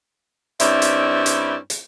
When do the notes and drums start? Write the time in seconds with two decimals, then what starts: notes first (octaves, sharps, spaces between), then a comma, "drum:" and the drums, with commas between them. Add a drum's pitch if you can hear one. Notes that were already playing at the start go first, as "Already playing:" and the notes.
0.60 G2 C4 C#4 E4 D5 E5, drum: hi-hat
0.82 drum: hi-hat
1.26 drum: hi-hat
1.70 drum: hi-hat